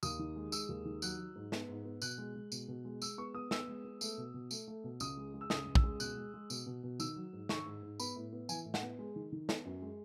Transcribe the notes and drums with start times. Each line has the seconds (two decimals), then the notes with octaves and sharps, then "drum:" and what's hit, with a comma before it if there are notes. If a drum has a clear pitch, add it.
0.03 D#2 D#6, drum: tambourine
0.19 D#3
0.36 G#3
0.52 G#3 E6, drum: tambourine
0.69 D#2
0.85 D#3
1.02 F#3 F#6, drum: tambourine
1.19 F#3
1.36 G#2
1.52 B3, drum: snare
1.69 G#2
1.85 B3
2.02 B2 F#6, drum: tambourine
2.18 G#3
2.35 G#3
2.52 B2, drum: tambourine
2.68 B2
2.85 G#3
3.02 G#3 E6, drum: tambourine
3.18 B3 C#6
3.34 B3 D#6
3.51 B3 E6, drum: snare
3.68 G#3
3.84 B3
4.01 A3, drum: tambourine
4.17 B2
4.34 B2
4.51 A3, drum: tambourine
4.68 A3
4.84 B2
5.00 C#2 D#6, drum: tambourine
5.17 G#3
5.34 G#3
5.41 E6
5.50 C#2 D#6, drum: snare
5.67 C#2
5.75 E6, drum: kick
5.84 G#3
6.00 B2 F#6, drum: tambourine
6.17 G#3
6.34 G#3
6.50 B2, drum: tambourine
6.66 B2
6.83 B2
7.00 D#3 E6, drum: tambourine
7.16 F#3
7.33 G#2
7.49 D#3 C#6, drum: snare
7.66 G#2
7.83 G#2
8.00 B3 B5, drum: tambourine
8.16 A2
8.33 B3
8.49 E3 G#5, drum: tambourine
8.66 A2
8.74 F#5, drum: snare
8.82 B3
8.99 G#3
9.16 D#3
9.32 D#3
9.49 B3, drum: snare
9.65 F#2
9.82 G#3